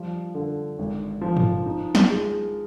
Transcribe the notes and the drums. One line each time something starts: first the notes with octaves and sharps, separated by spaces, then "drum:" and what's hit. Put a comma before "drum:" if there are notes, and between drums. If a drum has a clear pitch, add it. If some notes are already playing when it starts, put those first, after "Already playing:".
Already playing: F3 G3
D3
G#1
F3
drum: tom
D#4
drum: snare
G#3